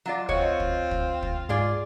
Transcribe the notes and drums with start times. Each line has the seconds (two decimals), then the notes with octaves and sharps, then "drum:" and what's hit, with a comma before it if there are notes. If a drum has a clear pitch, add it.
0.06 F#3 F4 D5
0.29 C4 F4 F#4 C#5 D#5, drum: kick
0.60 drum: kick
0.91 drum: kick
1.23 drum: kick
1.49 G#2 F4 G#4 D5